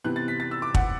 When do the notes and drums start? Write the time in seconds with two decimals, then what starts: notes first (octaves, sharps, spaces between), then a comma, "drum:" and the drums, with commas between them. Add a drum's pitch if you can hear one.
0.04 C3 E3 B3 F#6
0.16 A6
0.28 B6
0.40 A6
0.51 E6
0.62 D6
0.74 F#5, drum: kick